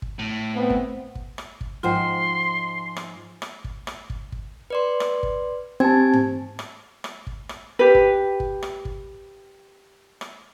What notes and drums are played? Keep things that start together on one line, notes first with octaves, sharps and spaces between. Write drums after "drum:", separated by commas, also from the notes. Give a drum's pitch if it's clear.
drum: kick
A2
B3 C4
drum: kick
drum: kick
drum: rim click
drum: kick
G#2 F3 F4 C5 F#5 G5 C6
drum: rim click
drum: rim click
drum: kick
drum: rim click
drum: kick
drum: kick
B4 D5 C6
drum: rim click
drum: kick
C4 G4 G#5 A5 G#6
drum: tom G#2
drum: rim click
drum: rim click
drum: kick
drum: rim click
G4 B4
drum: kick
drum: kick
drum: rim click
drum: kick
drum: rim click